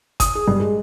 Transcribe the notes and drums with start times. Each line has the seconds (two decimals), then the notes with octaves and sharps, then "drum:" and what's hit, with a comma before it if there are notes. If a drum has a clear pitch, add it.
0.20 D#6, drum: kick G1, hi-hat
0.35 G#4
0.48 G2
0.60 G#3